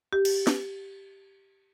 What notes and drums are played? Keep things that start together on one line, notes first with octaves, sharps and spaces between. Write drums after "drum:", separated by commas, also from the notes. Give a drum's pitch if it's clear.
G4
drum: cymbal
drum: snare